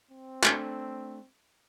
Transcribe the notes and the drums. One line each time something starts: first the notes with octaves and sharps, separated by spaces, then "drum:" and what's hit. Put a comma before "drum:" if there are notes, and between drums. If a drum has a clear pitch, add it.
C4
A3 D4, drum: clap